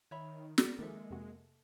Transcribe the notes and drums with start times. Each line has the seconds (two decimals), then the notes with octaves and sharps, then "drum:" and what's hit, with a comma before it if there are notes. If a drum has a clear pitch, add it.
0.11 D#3 C#5 E5 B5
0.58 A#4 D5, drum: snare
0.79 D#3 F3 G#3 A#3 A4 E5
1.10 F2 C3 F#4